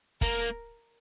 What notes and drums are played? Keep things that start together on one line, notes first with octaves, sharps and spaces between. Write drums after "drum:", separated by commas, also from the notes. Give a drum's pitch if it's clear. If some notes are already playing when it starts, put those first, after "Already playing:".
A#3 A#4, drum: kick